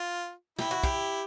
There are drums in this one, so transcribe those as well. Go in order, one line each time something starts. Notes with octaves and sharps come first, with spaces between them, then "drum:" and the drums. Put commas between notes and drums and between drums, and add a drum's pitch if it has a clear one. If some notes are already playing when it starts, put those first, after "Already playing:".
Already playing: F4
E4 G4, drum: snare
F#4
G4, drum: kick